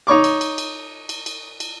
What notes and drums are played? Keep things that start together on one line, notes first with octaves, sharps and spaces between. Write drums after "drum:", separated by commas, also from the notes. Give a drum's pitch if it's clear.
D#4 C#5 C#6 D6
drum: cymbal
drum: cymbal
drum: cymbal
drum: cymbal
drum: cymbal
drum: cymbal